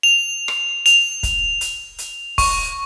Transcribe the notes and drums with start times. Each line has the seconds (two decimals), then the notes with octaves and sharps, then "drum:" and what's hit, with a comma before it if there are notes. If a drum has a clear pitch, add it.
0.03 F7
0.48 drum: rim click
0.86 F7, drum: hi-hat
1.23 drum: kick, hi-hat
1.61 drum: hi-hat
1.98 drum: hi-hat
2.38 C#6, drum: kick, open hi-hat